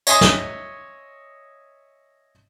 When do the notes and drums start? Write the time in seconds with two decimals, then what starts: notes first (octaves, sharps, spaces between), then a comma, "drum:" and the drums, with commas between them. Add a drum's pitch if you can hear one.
0.07 C#5 D#5 E5 G#5 C6 D#6, drum: tambourine
0.21 drum: snare